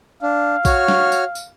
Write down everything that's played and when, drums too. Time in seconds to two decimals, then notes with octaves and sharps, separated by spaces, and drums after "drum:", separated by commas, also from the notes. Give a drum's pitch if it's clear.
0.23 D4 F5
0.65 F#4 C#5 F6, drum: kick A#1, tambourine
0.88 drum: snare
1.12 drum: tambourine
1.35 drum: tambourine